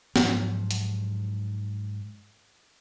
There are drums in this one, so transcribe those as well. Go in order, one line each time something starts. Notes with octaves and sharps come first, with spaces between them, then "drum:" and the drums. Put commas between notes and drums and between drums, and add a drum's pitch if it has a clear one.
G#2 F3 F#3, drum: snare
drum: hi-hat